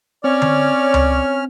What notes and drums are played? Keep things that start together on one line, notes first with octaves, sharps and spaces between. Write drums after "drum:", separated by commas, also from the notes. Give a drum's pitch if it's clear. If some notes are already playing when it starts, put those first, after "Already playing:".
C4 C#4 C#5 D5 F6
drum: tom D3
drum: tom C#2